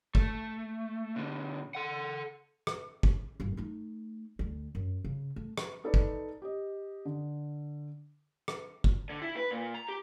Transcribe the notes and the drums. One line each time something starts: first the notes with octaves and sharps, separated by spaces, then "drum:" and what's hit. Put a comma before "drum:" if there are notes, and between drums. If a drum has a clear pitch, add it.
A3, drum: kick
B2 D3
A4 F#5
drum: rim click
drum: kick
G1 G2
A3 D#4
D2 A3
F#2
C#3
A3
drum: rim click
D#4 A4 B4 D5
drum: kick
G4 D#5
D3
drum: rim click
drum: kick
D3
E4
B4
A#2
A#5
G4